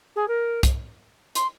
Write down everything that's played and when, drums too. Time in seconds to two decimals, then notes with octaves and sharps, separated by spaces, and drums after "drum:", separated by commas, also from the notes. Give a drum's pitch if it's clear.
0.15 G#4
0.27 A#4
0.63 drum: kick C2, hi-hat
1.35 C6, drum: hi-hat